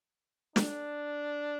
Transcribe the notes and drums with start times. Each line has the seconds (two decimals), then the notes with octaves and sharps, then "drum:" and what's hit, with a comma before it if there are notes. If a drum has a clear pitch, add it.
0.56 D4, drum: snare